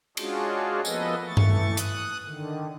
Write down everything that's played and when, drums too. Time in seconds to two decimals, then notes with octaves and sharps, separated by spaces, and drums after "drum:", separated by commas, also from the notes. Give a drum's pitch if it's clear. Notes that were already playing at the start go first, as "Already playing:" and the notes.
0.17 G#3 C#4 D4 F4 F#4 G#4, drum: cymbal
0.85 F3 A#3 B3 A4 B4 D#5, drum: tambourine
1.27 E3 A3 C#6 A6
1.37 drum: tom G2
1.77 D#6 F#6, drum: hi-hat
2.24 D3 D#3